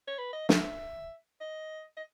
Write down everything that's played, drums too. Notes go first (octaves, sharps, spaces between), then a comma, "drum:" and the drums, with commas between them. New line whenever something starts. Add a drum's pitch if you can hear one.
C#5
B4
D#5
E5, drum: snare
D#5
D#5